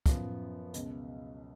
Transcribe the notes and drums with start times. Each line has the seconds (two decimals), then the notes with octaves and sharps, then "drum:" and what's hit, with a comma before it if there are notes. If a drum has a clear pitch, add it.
0.06 F#2 F3 B3, drum: kick, hi-hat
0.74 C#2 B2 G#3, drum: hi-hat